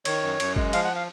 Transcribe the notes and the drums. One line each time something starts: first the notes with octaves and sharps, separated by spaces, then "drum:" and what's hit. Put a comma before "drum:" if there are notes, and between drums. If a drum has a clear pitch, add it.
D#3 C#5, drum: cymbal
F#2
F#2, drum: cymbal
G#3, drum: kick G1
F3 F5, drum: cymbal
F#5
F5